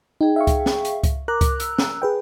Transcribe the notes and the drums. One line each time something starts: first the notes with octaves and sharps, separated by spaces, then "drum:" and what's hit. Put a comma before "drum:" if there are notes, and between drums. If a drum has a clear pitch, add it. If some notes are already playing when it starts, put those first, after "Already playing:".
D#4 G#4 G5
E5 F5 C#6
drum: kick C#2, hi-hat
drum: snare
drum: hi-hat
drum: kick C#2, hi-hat
A#4 A#5 D6 F#6
drum: kick C#2, hi-hat
E6, drum: hi-hat
drum: snare
G#4 B4 G5